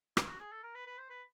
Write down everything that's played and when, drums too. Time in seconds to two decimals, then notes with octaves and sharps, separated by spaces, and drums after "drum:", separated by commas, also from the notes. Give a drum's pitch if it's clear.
0.17 E4, drum: rim click
0.28 F#4
0.40 G#4
0.52 A4
0.63 A#4
0.75 B4
0.87 B4
0.98 C5
1.10 B4